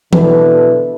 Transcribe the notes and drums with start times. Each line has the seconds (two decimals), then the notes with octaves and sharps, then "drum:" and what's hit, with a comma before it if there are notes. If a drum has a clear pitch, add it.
0.13 B2 D3 E4 A4 B4, drum: tom E3